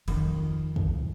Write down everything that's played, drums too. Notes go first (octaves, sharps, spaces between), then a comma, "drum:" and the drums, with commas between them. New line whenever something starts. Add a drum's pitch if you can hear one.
F2 D#3, drum: cymbal
drum: kick